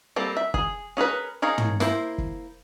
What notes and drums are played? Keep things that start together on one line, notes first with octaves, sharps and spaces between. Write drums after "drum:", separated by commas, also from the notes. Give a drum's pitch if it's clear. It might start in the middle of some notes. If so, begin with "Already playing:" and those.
G3 A#3 C4 A4
E5
G#4, drum: kick
C#4 G#4 A#4 B4
D#4 G#4 A#4 C#5 F5
drum: tom
A#3 E4 C5, drum: snare
drum: kick